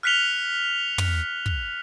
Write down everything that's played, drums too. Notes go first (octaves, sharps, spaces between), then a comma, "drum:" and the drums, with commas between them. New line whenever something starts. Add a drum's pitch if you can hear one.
F6 F#6 B6 C#7 F7 G7
drum: tom
drum: kick